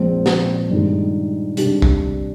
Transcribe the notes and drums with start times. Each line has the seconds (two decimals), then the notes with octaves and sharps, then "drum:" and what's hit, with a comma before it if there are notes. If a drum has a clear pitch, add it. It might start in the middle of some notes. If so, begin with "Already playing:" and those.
Already playing: A#1 A#2 G#3 C4
0.26 drum: snare
0.70 G2 D#3 G#3
1.57 C3 G3 D4 G#4, drum: hi-hat
1.82 drum: kick